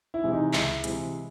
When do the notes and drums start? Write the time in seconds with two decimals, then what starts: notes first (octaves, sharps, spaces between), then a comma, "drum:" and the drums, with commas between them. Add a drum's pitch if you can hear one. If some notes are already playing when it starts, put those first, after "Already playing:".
0.14 E4
0.24 C3 E3 G#3
0.33 D#4
0.53 C#2 E4, drum: clap
0.84 C3 E3 G#3, drum: hi-hat